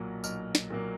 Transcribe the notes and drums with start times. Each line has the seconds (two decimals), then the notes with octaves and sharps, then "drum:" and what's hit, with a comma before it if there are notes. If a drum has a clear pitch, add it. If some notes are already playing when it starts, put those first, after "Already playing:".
Already playing: B1 A#2 F#3 A#3
0.24 B1 F6, drum: tambourine
0.55 drum: snare
0.70 A#2 F#3 A#3